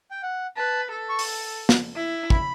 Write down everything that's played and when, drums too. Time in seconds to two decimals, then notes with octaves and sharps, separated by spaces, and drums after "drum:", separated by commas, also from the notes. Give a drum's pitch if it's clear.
0.11 G5
0.23 F#5
0.57 B4 A5
0.92 A4
1.09 C#6
1.19 drum: open hi-hat
1.69 drum: snare
1.96 E4
2.30 B5, drum: kick